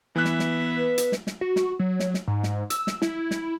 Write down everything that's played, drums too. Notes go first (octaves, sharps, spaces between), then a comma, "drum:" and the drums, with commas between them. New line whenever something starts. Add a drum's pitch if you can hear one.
E3 B3 E5 F#6
drum: snare
drum: snare
B4
drum: hi-hat
drum: snare
drum: snare
F#4
drum: snare
F#3
drum: snare
drum: snare
G#2
drum: snare
E6, drum: hi-hat
drum: snare
E4, drum: snare
drum: snare